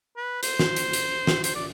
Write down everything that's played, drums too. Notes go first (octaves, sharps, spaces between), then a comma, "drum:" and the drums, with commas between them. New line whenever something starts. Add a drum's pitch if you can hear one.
B4
C5, drum: hi-hat
drum: snare
drum: hi-hat
drum: hi-hat
drum: snare
C5, drum: hi-hat
D5